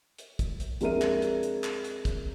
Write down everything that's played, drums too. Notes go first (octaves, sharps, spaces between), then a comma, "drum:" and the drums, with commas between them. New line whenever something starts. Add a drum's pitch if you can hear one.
drum: hi-hat
drum: kick, hi-hat
drum: hi-hat
F2 G#3 D4 A#4 E5 D#7, drum: hi-hat
drum: clap
drum: hi-hat
drum: hi-hat
drum: clap
drum: hi-hat
drum: kick, hi-hat